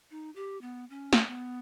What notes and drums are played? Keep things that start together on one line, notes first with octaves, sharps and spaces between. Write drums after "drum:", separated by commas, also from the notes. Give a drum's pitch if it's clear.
D#4
G4
B3
C#4
drum: snare
B3